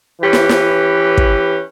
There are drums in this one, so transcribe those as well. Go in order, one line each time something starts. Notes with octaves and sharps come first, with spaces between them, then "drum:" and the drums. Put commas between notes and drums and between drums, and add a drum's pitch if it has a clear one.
E3 C#4 G4 B4
drum: snare
drum: snare
drum: kick